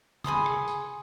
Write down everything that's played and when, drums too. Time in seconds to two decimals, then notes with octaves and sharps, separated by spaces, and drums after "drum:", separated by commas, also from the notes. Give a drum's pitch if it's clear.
0.24 G#4 B5 C6 D#6, drum: tom C3
0.46 drum: rim click
0.68 drum: tambourine